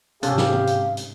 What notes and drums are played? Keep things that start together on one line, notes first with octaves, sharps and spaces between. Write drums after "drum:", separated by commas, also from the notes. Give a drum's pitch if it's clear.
G#2 C3 C#4 G4 A4 F5, drum: hi-hat
drum: snare
drum: tom
drum: hi-hat
drum: hi-hat